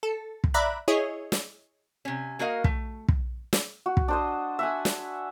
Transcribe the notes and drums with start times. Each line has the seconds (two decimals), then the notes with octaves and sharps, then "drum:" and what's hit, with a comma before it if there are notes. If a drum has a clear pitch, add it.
0.03 A4
0.44 drum: kick
0.54 D5 E5 A#5 B5 F#6
0.88 E4 G#4 C#5 D#5
1.32 drum: snare
2.05 C3 C#4
2.39 A#3 F#4 A#4 D#5 F5
2.64 A3, drum: kick
3.08 drum: kick
3.53 drum: snare
3.86 F#4
3.97 drum: kick
4.08 D4 C5 D#5
4.59 E5 F#5 G#5
4.85 drum: snare